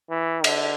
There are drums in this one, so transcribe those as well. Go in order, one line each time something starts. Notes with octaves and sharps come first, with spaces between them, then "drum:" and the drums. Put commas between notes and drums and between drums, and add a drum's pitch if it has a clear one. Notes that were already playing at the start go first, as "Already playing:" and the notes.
E3
D3, drum: cymbal